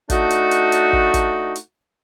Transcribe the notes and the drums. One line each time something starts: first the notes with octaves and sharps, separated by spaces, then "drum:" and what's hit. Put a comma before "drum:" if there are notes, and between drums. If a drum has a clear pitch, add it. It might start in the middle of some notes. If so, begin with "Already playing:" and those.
A3 D4 D#4 F#4, drum: kick, hi-hat
drum: hi-hat
drum: hi-hat
drum: hi-hat
drum: kick
drum: kick, hi-hat
drum: hi-hat